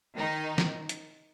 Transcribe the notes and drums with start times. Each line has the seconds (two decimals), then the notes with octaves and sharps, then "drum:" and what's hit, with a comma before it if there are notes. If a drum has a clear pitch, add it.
0.16 D#3 D#4
0.58 drum: snare
0.89 drum: hi-hat